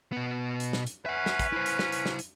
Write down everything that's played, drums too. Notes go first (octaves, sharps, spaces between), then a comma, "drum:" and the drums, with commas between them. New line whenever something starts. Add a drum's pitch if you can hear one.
B2 B3
drum: hi-hat
drum: snare
drum: hi-hat
C#4 B4 E5 F#5
drum: snare
drum: kick, hi-hat
E4 C5
drum: hi-hat
drum: snare
drum: hi-hat
drum: snare
drum: hi-hat